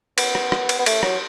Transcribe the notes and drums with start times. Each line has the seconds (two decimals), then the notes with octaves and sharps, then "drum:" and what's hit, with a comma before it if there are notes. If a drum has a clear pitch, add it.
0.18 B3, drum: cymbal
0.35 drum: rim click
0.52 drum: rim click
0.69 drum: cymbal
0.79 B3
0.86 A3, drum: cymbal
1.03 F#3, drum: rim click